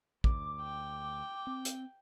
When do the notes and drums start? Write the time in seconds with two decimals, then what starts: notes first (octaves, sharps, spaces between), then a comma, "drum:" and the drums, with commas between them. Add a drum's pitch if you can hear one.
0.24 D2 D6, drum: kick
0.62 G5
1.47 C4
1.65 drum: hi-hat